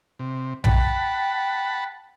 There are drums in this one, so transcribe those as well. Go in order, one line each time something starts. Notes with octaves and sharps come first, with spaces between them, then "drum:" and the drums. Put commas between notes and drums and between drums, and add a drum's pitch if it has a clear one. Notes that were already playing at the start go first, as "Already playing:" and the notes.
C3
F#5 G5 A5 B5, drum: tom A#1